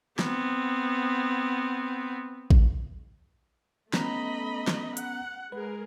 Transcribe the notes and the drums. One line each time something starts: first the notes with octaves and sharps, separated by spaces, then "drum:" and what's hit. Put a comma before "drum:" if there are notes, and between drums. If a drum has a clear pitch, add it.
B3 C4, drum: snare
drum: kick A1
A3 B3 C#4 D#5 A#5 B5, drum: snare
drum: snare
F#5, drum: hi-hat
G#3 G#4 A#4 B4